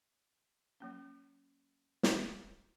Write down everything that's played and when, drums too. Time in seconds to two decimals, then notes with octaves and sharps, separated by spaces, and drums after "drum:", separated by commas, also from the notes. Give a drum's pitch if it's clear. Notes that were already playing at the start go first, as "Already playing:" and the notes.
0.80 F#3 A#3 C#4
2.03 drum: snare